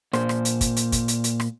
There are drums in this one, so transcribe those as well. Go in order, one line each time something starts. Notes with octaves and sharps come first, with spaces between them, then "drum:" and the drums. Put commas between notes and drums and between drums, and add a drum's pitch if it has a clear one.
A#2 C5, drum: rim click
drum: rim click
drum: hi-hat
drum: kick, hi-hat
drum: hi-hat
drum: kick, hi-hat
drum: hi-hat
drum: hi-hat
drum: rim click